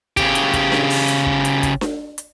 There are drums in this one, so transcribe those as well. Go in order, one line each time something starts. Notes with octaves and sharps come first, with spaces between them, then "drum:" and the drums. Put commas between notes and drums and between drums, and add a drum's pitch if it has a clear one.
C#3 G4, drum: kick, hi-hat
drum: hi-hat
drum: kick, hi-hat
drum: snare D4
drum: open hi-hat
drum: hi-hat
drum: kick
drum: hi-hat
drum: kick, hi-hat
drum: snare D4
drum: hi-hat